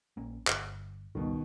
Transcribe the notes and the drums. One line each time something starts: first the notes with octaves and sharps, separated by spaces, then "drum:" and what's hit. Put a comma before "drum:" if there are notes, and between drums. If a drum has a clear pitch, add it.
A#1 A#3 C#4
G1, drum: clap
G#1 C#2 B2 D#3 G3